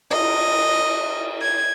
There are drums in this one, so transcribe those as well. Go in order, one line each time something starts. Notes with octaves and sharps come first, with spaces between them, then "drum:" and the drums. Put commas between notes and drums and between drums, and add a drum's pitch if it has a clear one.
D#5, drum: cymbal
G#6